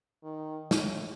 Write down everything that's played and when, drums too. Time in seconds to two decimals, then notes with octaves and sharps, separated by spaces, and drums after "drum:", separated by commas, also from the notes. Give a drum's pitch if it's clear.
0.23 D#3
0.71 A2, drum: snare